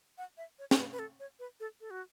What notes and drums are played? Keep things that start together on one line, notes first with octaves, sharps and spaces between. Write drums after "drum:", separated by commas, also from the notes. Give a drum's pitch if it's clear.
F#5
E5
C#5
A4, drum: snare
B4
B4
A4
C#5
B4
A4
A4
F#4